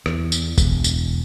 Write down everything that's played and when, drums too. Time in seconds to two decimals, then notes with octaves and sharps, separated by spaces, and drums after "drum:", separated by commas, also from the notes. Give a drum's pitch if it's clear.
0.06 E2, drum: rim click
0.32 drum: tambourine
0.58 E1, drum: kick, tambourine
0.84 drum: tambourine